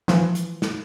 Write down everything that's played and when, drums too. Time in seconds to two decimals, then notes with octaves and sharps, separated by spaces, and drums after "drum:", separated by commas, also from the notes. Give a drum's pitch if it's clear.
0.08 E3 F3, drum: snare
0.35 drum: hi-hat
0.62 drum: snare